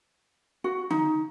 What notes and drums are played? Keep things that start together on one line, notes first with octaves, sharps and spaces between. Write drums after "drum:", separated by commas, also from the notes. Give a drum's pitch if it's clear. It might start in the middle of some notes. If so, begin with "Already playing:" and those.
F#4
D#4, drum: tom D3